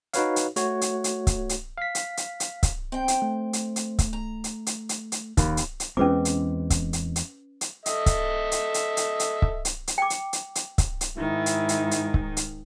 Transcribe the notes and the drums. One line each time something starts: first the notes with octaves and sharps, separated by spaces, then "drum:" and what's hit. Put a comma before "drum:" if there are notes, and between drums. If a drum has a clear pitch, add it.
D#4 F#4 B4 C#5 F5, drum: hi-hat
drum: hi-hat
A3 F#4 C#5, drum: hi-hat
drum: hi-hat
drum: hi-hat
drum: kick C#1, hi-hat
drum: hi-hat
F5 B6
drum: hi-hat
drum: hi-hat
drum: hi-hat
drum: kick C#1, hi-hat
C4 G5
drum: hi-hat
A3
drum: hi-hat
drum: hi-hat
drum: kick C#1, hi-hat
A#5
drum: hi-hat
drum: hi-hat
drum: hi-hat
drum: hi-hat
D#2 A#4 B5, drum: kick C#1, hi-hat
drum: hi-hat
drum: hi-hat
E2 G#3 C4 C#4 B4 D6
drum: hi-hat
drum: kick C#1, hi-hat
drum: hi-hat
drum: hi-hat
drum: hi-hat
A4 D#5 E5, drum: hi-hat
drum: kick C#1, hi-hat
drum: hi-hat
drum: hi-hat
drum: hi-hat
drum: hi-hat
drum: kick C#1
drum: hi-hat
drum: hi-hat
G5 D6
drum: hi-hat
drum: hi-hat
drum: hi-hat
drum: kick C#1, hi-hat
drum: hi-hat
G#2 D#3 E4
drum: hi-hat
drum: hi-hat
drum: hi-hat
drum: kick C#1
drum: hi-hat